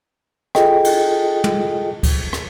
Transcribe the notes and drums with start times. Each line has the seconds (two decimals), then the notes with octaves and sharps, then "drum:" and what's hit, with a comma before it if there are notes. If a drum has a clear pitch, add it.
0.55 F4 G#4 A4 D#5 G5, drum: rim click
0.85 drum: cymbal
1.44 drum: tom
2.03 drum: kick C#2, cymbal
2.33 drum: rim click